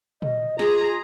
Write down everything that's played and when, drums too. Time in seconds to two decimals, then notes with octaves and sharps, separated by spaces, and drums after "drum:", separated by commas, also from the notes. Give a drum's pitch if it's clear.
0.22 D#5, drum: tom A#2
0.59 F4 G#4 A#5, drum: snare